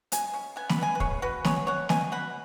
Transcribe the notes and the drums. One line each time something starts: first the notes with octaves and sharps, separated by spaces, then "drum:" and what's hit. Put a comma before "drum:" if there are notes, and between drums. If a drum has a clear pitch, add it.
C#3 D#5 G#5, drum: hi-hat
C#3
B3 G#5
B5, drum: snare
B3 D#5 G#5
B4
C#3 G#4 C#5, drum: kick
C#3 F#4 B4
B3 G#4 C#5, drum: snare
G#3 C#5 F#5
B2 D#5 G#5, drum: snare
B2 F#5 B5